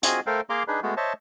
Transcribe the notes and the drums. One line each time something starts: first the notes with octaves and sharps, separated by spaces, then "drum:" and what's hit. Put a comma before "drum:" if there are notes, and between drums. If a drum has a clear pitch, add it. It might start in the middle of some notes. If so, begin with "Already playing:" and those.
C4 F4 F#4 G#4 D#5 G#5, drum: hi-hat
A3 A4 A#4 C5 F5 G5
A#3 G#4 F5 A#5 C6 D6
D4 D#4 G#4 B4
G#3 A3 B3 F#4
C5 C#5 D#5 E5 A5